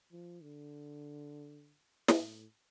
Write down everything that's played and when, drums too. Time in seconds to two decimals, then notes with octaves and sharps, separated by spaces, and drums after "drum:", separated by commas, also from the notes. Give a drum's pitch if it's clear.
0.12 F3
0.42 D3
2.08 drum: snare
2.19 A2